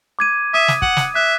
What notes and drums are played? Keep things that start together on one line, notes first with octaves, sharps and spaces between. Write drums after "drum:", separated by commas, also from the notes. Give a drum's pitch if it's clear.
D6 G#6 D#7
E5 D#6 D#7
drum: snare
F#5, drum: kick
drum: snare
E5 F#6